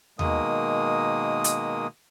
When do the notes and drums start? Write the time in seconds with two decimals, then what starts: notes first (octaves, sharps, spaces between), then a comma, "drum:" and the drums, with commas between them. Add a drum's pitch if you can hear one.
0.19 B2 D#3 G#3 A#3 D#6, drum: tom D#2
1.44 drum: hi-hat